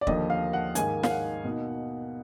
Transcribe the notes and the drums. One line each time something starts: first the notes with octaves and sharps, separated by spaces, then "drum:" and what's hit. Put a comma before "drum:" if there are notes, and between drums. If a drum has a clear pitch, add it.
D5
D#2 D3 F3 A#3 D#5, drum: kick
F5
F#5
G#2 D#3 A#3 D#4 G#5, drum: hi-hat
F5, drum: snare
F#5
B2 A#3 D#4